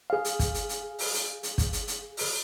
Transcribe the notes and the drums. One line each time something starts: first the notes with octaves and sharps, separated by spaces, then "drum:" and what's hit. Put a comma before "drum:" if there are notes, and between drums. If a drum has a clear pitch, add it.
G#4 F5
drum: hi-hat
drum: kick, hi-hat
drum: hi-hat
drum: hi-hat
drum: open hi-hat
drum: hi-hat
drum: hi-hat
drum: kick, hi-hat
drum: hi-hat
drum: hi-hat
drum: open hi-hat